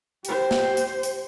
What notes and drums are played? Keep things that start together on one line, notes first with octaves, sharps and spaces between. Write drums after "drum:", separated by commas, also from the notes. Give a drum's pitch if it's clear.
G4 C5, drum: hi-hat
drum: snare
drum: hi-hat
drum: hi-hat